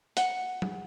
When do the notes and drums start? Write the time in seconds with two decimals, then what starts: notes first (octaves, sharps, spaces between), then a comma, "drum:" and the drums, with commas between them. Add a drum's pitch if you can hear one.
0.17 F#5, drum: hi-hat
0.62 drum: tom F#3